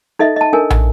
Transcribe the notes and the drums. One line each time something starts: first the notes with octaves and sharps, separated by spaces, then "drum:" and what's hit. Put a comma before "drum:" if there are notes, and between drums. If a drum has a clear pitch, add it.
D#4 A4 D#5 E5
D#5 A5
D4 A4 A#4 G#5
drum: tom